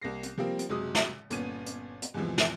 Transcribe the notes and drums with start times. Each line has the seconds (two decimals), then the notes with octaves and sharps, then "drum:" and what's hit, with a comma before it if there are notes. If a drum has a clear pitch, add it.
0.02 C2 A#3 A#6 C7
0.23 drum: hi-hat
0.38 F3 G3 A#3 C4
0.59 drum: hi-hat
0.69 F#1 C3 F#3 G#3 D#6
0.95 drum: snare
1.30 G1 A#2 B3 C#4 D#7, drum: hi-hat
1.66 drum: hi-hat
2.02 drum: hi-hat
2.14 E2 G#2 C3 E3 F3
2.38 drum: snare